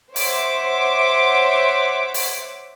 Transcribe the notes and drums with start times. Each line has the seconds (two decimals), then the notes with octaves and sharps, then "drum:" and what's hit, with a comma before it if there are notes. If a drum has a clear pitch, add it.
0.16 C5 C#5 E5 F#5 D6, drum: open hi-hat
2.14 drum: open hi-hat